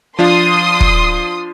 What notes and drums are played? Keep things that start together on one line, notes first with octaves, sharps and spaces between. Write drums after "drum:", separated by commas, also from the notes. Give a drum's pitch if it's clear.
F3 D4 F4 C6 D#6
drum: kick